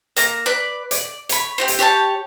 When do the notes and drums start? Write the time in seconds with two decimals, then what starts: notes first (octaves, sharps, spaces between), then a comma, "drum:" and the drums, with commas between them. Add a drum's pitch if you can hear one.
0.17 A#3 A#5, drum: hi-hat
0.46 B4 D5
0.91 D5, drum: hi-hat
1.29 C#5 B5, drum: hi-hat
1.58 C4 F4 G4
1.68 drum: hi-hat
1.79 G4 C#5 G5 A5